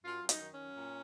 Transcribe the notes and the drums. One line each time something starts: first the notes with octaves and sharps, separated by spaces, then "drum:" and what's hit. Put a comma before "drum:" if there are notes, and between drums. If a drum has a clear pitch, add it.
F#2 F4
F#2
D#4, drum: hi-hat
D#3
C#4
F#2
A#2